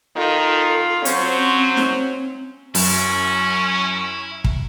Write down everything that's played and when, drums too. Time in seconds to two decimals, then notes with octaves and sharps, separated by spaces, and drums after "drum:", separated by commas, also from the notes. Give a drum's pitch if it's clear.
0.16 D#3 D#4 F4 A4
1.05 F#3 C4 C#4 C5, drum: hi-hat
1.76 drum: snare
2.75 F#2 C#4 E4, drum: open hi-hat
4.44 drum: kick